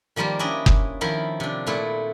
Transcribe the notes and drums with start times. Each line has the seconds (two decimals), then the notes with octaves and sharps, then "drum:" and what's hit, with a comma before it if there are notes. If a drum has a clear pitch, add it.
0.16 D#3 F3 G3 A#3 F4
0.39 C#4 D4 E4 D5 D#5
0.66 drum: kick F#1
1.01 D#3 F3 E4 A#4
1.40 C3 D4
1.67 A#2 A3 E4 F4